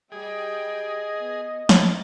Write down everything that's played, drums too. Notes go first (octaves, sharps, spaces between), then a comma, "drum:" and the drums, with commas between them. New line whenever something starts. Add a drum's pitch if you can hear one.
G3 G#4 D#5 G5
B3
D#4 A#5 A6, drum: snare